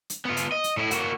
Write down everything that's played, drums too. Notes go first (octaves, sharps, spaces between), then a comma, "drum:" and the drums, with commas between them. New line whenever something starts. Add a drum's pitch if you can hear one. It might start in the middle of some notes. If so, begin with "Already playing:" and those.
drum: hi-hat
B3 F4
drum: hi-hat
D#5
drum: hi-hat
A2 E4
A#3 F#4, drum: hi-hat